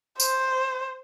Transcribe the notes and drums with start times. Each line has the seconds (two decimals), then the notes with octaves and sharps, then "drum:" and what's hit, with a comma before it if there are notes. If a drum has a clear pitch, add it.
0.20 C5, drum: tambourine